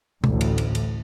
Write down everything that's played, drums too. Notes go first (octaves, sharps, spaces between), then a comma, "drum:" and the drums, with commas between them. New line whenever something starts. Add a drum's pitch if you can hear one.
A1 D2, drum: tom B2
drum: cymbal
drum: cymbal
drum: cymbal